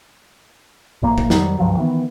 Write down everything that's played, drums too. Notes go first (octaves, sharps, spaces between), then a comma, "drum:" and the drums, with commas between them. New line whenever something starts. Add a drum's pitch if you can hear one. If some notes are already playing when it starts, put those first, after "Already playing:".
A#1 A2 A#3
drum: kick
F2 D#3 F#3 G3, drum: snare
C#2 G2 F3 F#3
D#3 E3 B3